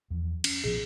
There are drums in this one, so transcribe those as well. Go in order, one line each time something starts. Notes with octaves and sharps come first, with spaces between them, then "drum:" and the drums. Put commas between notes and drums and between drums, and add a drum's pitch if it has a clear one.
E2 F3
C#4, drum: cymbal
A#1 B2 F3 G#4